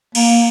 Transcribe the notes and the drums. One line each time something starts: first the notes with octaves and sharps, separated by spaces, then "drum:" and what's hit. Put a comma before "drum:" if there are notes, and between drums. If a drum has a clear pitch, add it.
A#3, drum: cymbal